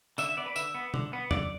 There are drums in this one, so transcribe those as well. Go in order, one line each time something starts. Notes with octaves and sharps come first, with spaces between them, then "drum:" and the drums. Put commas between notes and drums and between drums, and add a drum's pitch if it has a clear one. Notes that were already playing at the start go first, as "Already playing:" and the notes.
D3 E5, drum: tambourine
E5
B3 D5
B4
D3 E5, drum: tambourine
B3
D3, drum: tom B2
B3
D3 D5, drum: tom E2